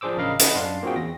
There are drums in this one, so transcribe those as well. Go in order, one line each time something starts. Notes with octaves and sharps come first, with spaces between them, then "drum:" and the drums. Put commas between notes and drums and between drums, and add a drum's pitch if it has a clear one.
F3 D4 G#4 C5 D6 E6
A1 C#3 A#4 D#5 F5 B5
D#5 F#5 G#5 B5, drum: hi-hat
F#2 D4 F5 C6
A#3 C4 F4 F#4 G#4 G5
E2 A#6